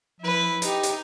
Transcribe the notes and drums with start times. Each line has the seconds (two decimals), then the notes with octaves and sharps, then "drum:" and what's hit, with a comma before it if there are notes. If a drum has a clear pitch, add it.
0.21 F3 E4 B4
0.62 D#4 G4, drum: hi-hat
0.83 drum: hi-hat